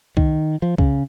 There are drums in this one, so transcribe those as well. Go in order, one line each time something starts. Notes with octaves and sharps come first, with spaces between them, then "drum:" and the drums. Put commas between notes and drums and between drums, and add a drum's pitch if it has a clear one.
D#3, drum: kick C2
F3
C#3, drum: kick C2